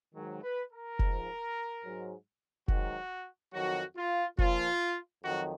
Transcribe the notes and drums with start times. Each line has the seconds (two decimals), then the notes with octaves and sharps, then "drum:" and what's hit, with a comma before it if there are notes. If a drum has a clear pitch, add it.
0.14 G#2 D#3 F#3
0.43 B4
0.72 A#4
0.99 G#2 F3, drum: kick F1
1.84 G#2 F#3
2.68 G#2 D#3 F#3 F#4, drum: kick F1
3.53 F2 D#3 F#3 F#4
3.96 F4
4.38 A#2 F3 F4, drum: kick F1
5.22 F2 D#3 F#3 F#4